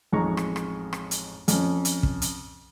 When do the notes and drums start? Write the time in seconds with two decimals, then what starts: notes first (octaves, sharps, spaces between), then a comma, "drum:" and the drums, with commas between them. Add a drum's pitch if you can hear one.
0.12 A1 F2 G#3 D#4 A#5 C#6
0.37 drum: rim click
0.56 drum: rim click
0.93 drum: rim click
1.11 drum: hi-hat
1.48 F2 C#4, drum: hi-hat
1.85 drum: hi-hat
2.03 drum: kick
2.22 drum: hi-hat